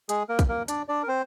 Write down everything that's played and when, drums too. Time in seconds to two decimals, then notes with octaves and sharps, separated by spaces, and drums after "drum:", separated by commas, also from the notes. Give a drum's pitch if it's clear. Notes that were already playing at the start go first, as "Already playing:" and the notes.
0.09 G#3 G#4, drum: hi-hat
0.29 A#3 A#4
0.39 drum: kick, hi-hat
0.49 A#3 A#4
0.68 D4 D5, drum: hi-hat
0.88 D4 D5
1.03 A#4
1.08 C4 C5